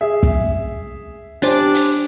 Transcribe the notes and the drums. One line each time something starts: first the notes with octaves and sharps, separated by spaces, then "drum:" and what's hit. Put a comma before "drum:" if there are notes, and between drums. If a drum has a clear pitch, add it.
G#4 E5
drum: kick
D4 G4 C5 D5 G#5
drum: hi-hat